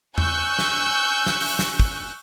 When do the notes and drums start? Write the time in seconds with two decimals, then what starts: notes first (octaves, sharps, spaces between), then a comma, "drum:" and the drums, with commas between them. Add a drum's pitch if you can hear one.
0.18 G#5 C#6 E6 F#6 G6, drum: tom E2
0.59 drum: snare
1.26 drum: snare
1.40 drum: open hi-hat
1.59 drum: snare
1.79 drum: kick